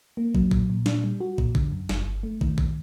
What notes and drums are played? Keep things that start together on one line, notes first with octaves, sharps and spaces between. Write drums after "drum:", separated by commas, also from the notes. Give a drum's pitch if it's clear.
A#3
F#3, drum: kick
A#2, drum: kick
A#2
D4, drum: snare
G3
F#4
A#2, drum: kick
D3, drum: kick
F#2
G1, drum: snare
G1
A3
D#3, drum: kick
drum: kick